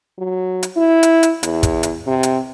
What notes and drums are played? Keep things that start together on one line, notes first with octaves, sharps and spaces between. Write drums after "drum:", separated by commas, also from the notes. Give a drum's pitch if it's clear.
F#3
drum: hi-hat
E4
drum: hi-hat
drum: hi-hat
E2, drum: hi-hat
drum: kick, hi-hat
drum: hi-hat
C3
drum: hi-hat